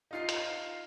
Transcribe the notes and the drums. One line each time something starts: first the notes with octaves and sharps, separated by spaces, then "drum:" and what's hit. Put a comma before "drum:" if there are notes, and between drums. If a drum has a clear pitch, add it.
D#4 F4 C7
drum: hi-hat